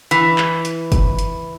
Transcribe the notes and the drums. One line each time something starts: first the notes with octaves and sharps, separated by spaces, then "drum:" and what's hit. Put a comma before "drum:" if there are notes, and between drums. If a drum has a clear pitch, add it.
E3, drum: hi-hat
drum: clap
drum: hi-hat
drum: kick F1, hi-hat
drum: hi-hat